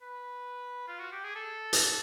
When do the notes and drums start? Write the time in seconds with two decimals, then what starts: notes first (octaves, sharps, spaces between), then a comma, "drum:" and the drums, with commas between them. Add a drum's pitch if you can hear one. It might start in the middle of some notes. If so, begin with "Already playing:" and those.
0.02 B4
0.88 F4
0.99 F#4
1.12 G4
1.24 G#4
1.36 A4
1.73 drum: hi-hat